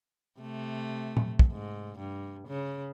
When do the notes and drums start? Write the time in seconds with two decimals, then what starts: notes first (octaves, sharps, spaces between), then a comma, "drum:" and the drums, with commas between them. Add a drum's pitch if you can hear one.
0.40 C3 A3
1.17 drum: tom
1.39 drum: kick
1.51 G#2
1.98 G2
2.48 C#3